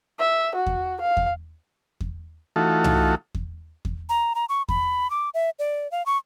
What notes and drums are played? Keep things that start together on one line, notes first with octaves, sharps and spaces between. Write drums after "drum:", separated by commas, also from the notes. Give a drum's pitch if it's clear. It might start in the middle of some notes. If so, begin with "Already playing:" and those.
E5
F#4
drum: kick E2
F5
drum: kick E2
drum: kick E2
E3 A3 D#4 F4 F#4 A4
drum: tom C2
drum: kick E2
drum: kick E2
A#5
A#5
C#6
B5, drum: kick E2
D6
E5
D5
F5
C#6